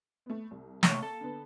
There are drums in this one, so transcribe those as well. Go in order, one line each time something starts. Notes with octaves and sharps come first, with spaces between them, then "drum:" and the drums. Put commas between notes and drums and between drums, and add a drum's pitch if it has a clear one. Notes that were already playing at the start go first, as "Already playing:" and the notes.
A3 B3
C2
C3 A3 A#3 C#5, drum: snare
A4
D3 B3 B4